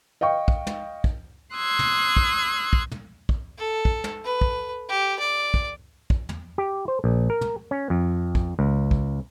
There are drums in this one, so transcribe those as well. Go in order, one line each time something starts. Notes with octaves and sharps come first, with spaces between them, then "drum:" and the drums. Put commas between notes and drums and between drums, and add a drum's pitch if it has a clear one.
D#5 F5 G5 C#6
drum: kick
drum: tom
drum: kick
C6 D#6 E6 F#6 G#6
drum: tom
drum: kick
drum: kick
drum: tom
drum: kick
A4
drum: kick
drum: tom
B4
drum: kick
G4
D5
drum: kick
drum: kick
drum: tom
G4
C5
A#1
A#4
drum: tom
C#4
F2
drum: kick
C#2
drum: kick